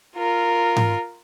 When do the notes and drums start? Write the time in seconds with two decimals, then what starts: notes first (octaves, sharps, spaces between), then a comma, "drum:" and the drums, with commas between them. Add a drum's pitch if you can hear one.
0.17 F4 A#4
0.76 drum: tom G#2